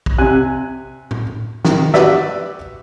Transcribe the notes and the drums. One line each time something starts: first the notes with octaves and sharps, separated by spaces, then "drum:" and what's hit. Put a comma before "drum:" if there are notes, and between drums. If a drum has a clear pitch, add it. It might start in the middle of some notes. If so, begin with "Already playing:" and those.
drum: kick
C3 G#5 F#6
drum: tom A2
D#3, drum: snare
F#4 G4 B4 D5 E5, drum: snare